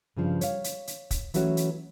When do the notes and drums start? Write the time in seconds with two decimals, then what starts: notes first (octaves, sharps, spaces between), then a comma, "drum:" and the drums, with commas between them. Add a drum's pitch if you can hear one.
0.16 G2 C#3 F3
0.41 C#5 F5, drum: hi-hat
0.64 drum: hi-hat
0.87 drum: hi-hat
1.11 drum: kick, hi-hat
1.34 E3 F#3 A3 C#4 F#4, drum: hi-hat
1.57 drum: hi-hat